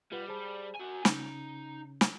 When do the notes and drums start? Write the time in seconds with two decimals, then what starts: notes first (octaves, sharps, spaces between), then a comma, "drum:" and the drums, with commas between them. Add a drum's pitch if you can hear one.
0.12 G3 F4 B4 F#5
0.28 G#4 C5 A5
0.76 F#4 G#5
1.05 C#3 C#4 D#4, drum: snare
2.01 drum: snare